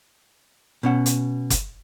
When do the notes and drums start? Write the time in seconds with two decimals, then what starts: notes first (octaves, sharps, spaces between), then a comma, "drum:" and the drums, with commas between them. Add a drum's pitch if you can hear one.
0.83 B2 C#4 F#5
1.06 drum: hi-hat
1.50 drum: kick F#1, hi-hat